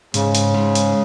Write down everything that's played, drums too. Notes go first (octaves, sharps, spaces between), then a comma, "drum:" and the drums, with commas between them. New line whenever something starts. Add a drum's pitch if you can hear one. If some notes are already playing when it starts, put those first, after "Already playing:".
G#2 C#3, drum: hi-hat
drum: hi-hat
G#3
drum: hi-hat